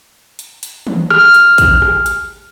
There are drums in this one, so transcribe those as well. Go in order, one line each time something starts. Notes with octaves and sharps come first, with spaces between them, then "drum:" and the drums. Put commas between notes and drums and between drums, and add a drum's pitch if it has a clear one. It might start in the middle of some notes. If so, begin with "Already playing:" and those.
drum: hi-hat
drum: hi-hat
drum: tom
F6, drum: rim click
drum: hi-hat
drum: kick, hi-hat
drum: rim click
drum: hi-hat